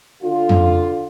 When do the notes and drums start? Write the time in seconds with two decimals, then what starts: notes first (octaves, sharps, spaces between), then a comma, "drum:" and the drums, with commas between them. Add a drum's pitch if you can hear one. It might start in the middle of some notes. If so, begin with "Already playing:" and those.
0.21 D3 F4
0.49 drum: tom F2